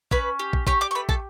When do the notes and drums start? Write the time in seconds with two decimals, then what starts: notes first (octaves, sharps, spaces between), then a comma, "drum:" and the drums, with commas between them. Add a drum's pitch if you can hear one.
0.11 C#4 B4 B5, drum: kick
0.39 G4
0.53 drum: kick
0.67 G4 C#5 C#6, drum: kick
0.81 D5 D6
0.91 C#6
0.95 A3 B4 B5
1.09 A4 A5, drum: kick